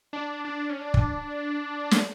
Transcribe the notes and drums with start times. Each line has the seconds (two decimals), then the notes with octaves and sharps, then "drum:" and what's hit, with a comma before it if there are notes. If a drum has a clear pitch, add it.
0.13 D4
0.45 D4
0.70 C#4
0.78 D4
0.94 drum: kick
1.91 drum: snare